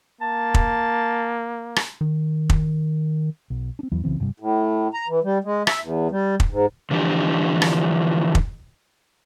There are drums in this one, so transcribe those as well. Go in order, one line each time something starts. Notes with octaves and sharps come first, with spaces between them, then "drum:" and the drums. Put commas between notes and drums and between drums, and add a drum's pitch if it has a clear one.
A#3 A5
drum: kick
drum: rim click
D#3
drum: kick
B1
C4 D4
E2 E3 F#3
B1 C#3 E3 C4
F#1 G2 C3 G3
A2
A#5
E3
G3
G#3
E5, drum: rim click
E2
G3
drum: kick
G#2
D3 E3 F3 D4 G4
drum: rim click
drum: kick